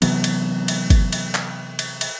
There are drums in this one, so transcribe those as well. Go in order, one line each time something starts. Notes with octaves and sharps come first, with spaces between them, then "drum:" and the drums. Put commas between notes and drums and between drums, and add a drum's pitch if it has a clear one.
C3 E3 F#3 B3, drum: cymbal
drum: cymbal
drum: cymbal
drum: kick G1, cymbal
drum: cymbal
drum: clap
drum: cymbal
drum: cymbal